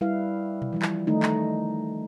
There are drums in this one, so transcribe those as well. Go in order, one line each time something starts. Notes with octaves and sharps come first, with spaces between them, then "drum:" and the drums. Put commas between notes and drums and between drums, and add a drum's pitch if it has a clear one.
G3 E4 B4 F5
drum: tom B2
E3 F3 G3
drum: clap
D#3 A3 D#4
drum: clap